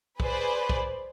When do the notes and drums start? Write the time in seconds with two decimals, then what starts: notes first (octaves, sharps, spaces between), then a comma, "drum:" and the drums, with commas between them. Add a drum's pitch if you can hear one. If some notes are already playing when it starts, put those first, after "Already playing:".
0.20 G#4 B4 C5 D5, drum: kick
0.69 drum: kick